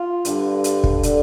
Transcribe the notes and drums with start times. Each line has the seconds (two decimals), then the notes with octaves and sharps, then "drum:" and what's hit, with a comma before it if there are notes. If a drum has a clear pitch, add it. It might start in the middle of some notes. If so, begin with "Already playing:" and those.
Already playing: F4
0.25 G2 D3, drum: hi-hat
0.64 drum: hi-hat
0.84 drum: kick
1.03 D3, drum: hi-hat